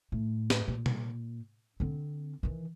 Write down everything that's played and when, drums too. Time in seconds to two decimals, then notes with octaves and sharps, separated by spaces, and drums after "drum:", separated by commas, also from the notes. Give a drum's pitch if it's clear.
0.12 A2
0.50 drum: snare
0.68 A#2
0.86 drum: tom
1.80 D3 C4
2.43 D#3 E3